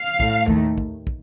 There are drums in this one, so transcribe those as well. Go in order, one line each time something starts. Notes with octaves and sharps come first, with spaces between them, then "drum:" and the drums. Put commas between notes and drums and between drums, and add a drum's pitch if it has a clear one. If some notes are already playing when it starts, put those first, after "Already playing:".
Already playing: F5
A2 A3, drum: kick
D#2 D#3 A3, drum: kick
drum: kick
drum: kick